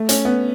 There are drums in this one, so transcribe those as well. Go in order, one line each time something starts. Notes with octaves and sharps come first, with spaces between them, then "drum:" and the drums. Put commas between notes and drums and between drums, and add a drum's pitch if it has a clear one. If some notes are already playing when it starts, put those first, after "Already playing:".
Already playing: A3
C#4, drum: hi-hat
B3